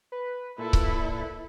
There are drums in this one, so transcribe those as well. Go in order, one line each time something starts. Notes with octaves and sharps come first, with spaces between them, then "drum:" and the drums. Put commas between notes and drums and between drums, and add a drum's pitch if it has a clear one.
B4
A#2 E4 A4 B4
drum: kick C#1